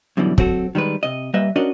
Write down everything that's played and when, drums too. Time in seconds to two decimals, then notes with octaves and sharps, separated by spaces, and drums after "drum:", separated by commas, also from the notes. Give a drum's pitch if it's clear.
0.17 F#2 B2 D3 E3 G3
0.38 F#3 C4 F#4 A4, drum: kick
0.75 D#3 G3 G#3 B4
1.03 C3 D#5
1.34 A#2 G3 A#3 B4 D#5 E5
1.56 C#4 D4 F#4 A#4 D5 D#5